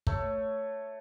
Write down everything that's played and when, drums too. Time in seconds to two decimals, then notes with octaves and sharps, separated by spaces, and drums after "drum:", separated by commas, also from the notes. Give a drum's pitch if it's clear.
0.07 A3 C#5, drum: kick